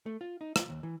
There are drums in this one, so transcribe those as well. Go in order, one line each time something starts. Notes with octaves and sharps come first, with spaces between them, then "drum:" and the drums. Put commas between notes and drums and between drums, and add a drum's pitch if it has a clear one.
A3
F4
D#4
F4, drum: rim click
D#2
E3